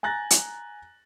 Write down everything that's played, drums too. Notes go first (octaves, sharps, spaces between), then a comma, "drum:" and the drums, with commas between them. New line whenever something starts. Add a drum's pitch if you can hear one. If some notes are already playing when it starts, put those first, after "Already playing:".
G#5 A#5 F#6 A6 A#6
drum: hi-hat